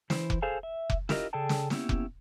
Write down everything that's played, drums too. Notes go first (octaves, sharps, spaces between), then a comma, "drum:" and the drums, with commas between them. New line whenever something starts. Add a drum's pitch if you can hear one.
E3 E4 C5, drum: snare
drum: kick F1
G#4 A4 C5 F5 G#5
E5
drum: kick F1
E4 F4 G4 A#4 B4 D#5, drum: snare
C#3 G#4 A4 D5 G5 A5
drum: snare
F#3 A#3 B3 C#4 E4 G4, drum: snare
drum: kick F1